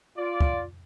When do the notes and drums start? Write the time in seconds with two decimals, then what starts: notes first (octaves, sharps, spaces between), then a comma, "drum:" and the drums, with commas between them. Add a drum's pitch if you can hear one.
0.18 F4 D5
0.41 drum: kick